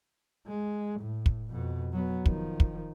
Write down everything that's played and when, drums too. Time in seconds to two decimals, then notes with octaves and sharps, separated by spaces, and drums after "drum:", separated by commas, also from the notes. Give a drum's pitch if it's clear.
0.47 G#3
1.00 A2
1.26 drum: kick
1.50 F2 B2
1.93 F#3 B3
2.26 D#3 F3, drum: kick
2.60 drum: kick